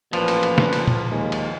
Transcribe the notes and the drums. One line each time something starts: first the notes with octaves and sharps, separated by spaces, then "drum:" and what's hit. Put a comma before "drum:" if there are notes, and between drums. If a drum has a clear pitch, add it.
A1 A#2 F3 B4, drum: cymbal
drum: cymbal
drum: cymbal
drum: snare
drum: cymbal
drum: tom
D#2 G#3
drum: cymbal